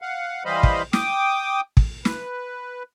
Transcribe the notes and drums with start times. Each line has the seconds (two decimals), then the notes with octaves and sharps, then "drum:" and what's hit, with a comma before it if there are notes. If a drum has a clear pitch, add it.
0.02 F5 F#5
0.45 E3 G3 C5 D#5 F5 B5
0.63 drum: kick
0.93 G5 D6 D#6, drum: snare
1.77 drum: kick
2.05 B4, drum: snare